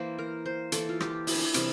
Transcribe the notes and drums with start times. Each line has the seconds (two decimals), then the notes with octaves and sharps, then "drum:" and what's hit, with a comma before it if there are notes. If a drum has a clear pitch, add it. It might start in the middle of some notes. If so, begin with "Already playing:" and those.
Already playing: E3 A#3 C5
0.18 A#4
0.46 C5
0.72 E3 A#3 A4, drum: hi-hat
0.89 F4
1.00 G4, drum: rim click
1.27 E4, drum: open hi-hat
1.34 D4
1.41 E4
1.54 C3 E3 G3 A#4, drum: hi-hat